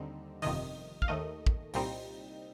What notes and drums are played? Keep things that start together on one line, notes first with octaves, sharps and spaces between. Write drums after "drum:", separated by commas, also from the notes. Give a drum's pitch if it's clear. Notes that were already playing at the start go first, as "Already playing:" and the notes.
Already playing: D#2 D3 G3 C4 D#4
G1 F2 C3 D#3 D#5, drum: open hi-hat
F5, drum: kick
D#2 D#3 A3 D#5
drum: kick
C2 A#2 G3 C4 D#4, drum: open hi-hat